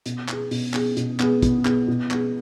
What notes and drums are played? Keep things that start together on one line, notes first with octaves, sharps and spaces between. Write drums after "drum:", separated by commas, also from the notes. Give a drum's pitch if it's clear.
B2, drum: hi-hat
B3 G#4, drum: clap
B2, drum: open hi-hat
B3 G#4, drum: clap
B2, drum: hi-hat
B3 G#4, drum: clap
B2, drum: kick, hi-hat
B3 G#4, drum: clap
B2
B3 G#4, drum: clap